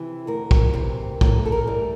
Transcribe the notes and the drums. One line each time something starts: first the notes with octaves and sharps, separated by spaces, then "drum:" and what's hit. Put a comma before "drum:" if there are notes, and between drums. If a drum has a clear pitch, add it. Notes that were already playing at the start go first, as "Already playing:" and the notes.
Already playing: C3 E3
D2 A#4
drum: kick
C3 E3
A2 A#4, drum: kick
A4
A#4
E3 G3